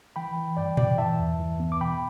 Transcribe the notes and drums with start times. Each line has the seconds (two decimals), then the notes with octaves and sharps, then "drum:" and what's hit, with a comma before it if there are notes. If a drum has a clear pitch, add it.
0.16 E3 G5 B5
0.36 E3
0.57 G2 D5 G5
0.77 E3 D5 G5, drum: tom A#2
0.98 E3 E5 A5
1.19 E2
1.39 E3
1.60 B3
1.72 D6
1.81 B2 G5 B5